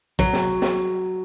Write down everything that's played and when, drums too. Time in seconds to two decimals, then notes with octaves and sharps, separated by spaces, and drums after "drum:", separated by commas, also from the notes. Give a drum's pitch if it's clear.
0.19 F#3, drum: kick
0.33 drum: snare
0.62 drum: snare